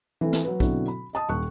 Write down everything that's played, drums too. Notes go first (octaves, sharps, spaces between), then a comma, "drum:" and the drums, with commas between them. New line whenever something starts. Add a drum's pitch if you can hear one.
E3 A3 C4
drum: snare
F#3 B4
B2 D3 F#3 C4 E4 F#4, drum: kick
B5
D#5 A5 D#6
D#1 C#6 F#6